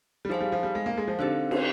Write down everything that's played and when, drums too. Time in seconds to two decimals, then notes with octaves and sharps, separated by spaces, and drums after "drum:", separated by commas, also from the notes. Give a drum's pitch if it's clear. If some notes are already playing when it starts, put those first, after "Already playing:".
0.25 G3
0.29 F3 D#4 G#4 C5 F5
0.40 G3
0.52 F3
0.63 G3
0.75 G#3
0.86 A#3
0.98 G#3
1.08 F3
1.19 D3 C4 D#4 G4 C5 F5
1.51 drum: cymbal